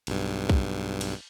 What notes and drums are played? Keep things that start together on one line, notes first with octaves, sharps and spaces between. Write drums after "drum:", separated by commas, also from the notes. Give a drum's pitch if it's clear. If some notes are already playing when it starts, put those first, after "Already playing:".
B1 G2, drum: cymbal
drum: kick B1
drum: cymbal